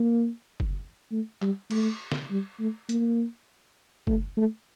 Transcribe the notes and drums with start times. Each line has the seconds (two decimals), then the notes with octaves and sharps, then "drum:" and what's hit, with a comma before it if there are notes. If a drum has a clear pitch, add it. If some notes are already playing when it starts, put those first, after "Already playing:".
Already playing: A#3
0.60 drum: kick F#1
1.12 A3
1.42 G3, drum: clap
1.71 A3, drum: cymbal
2.12 drum: snare
2.31 G3
2.60 A3
2.89 A#3, drum: hi-hat
4.07 A3, drum: kick F#1
4.37 A3